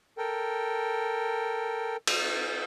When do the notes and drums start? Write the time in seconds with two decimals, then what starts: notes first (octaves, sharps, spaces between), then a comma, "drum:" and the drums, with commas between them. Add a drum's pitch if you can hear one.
0.18 A4 A#4 G5
2.07 drum: cymbal